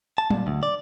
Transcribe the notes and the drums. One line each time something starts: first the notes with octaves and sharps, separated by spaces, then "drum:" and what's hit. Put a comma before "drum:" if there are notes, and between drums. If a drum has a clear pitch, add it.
A5
A#2, drum: tom F#3
D2
D5